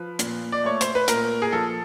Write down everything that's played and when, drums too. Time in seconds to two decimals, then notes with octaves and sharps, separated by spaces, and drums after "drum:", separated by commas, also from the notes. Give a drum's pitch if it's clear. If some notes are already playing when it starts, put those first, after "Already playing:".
Already playing: F3 B4
0.19 A#2, drum: hi-hat
0.52 D5
0.64 A3 C#5
0.81 C5, drum: hi-hat
0.95 B4
1.08 A#2 A#4, drum: hi-hat
1.42 G#4
1.52 F3 A4